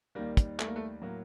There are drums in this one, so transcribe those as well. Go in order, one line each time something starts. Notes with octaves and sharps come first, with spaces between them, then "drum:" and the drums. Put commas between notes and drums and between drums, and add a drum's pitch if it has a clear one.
D#2 D#3 G3 A#3
drum: kick, hi-hat
A3, drum: clap
A#3
A3
A2 F#3 A#3